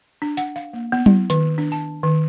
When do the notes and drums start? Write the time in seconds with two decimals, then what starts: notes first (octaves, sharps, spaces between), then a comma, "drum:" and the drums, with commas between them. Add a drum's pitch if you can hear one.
0.22 D4
0.37 F#5, drum: hi-hat
0.56 F5
0.73 A#3
0.92 B3
1.06 E4, drum: tom F#3
1.30 D#3, drum: hi-hat
1.58 D4
1.72 A5
2.03 D#3